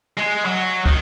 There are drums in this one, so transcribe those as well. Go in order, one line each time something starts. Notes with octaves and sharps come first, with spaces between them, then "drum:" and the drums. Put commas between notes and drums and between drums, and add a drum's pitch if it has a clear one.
G#3
F#3
D#3, drum: kick